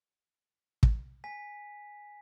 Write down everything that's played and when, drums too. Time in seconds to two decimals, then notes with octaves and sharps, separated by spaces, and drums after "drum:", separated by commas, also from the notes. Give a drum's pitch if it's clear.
0.83 drum: kick
1.24 G#5 B6